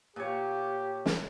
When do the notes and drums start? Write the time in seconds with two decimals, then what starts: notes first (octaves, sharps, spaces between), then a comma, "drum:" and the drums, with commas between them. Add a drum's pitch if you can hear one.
0.16 A#2 G4 C#5
1.06 drum: snare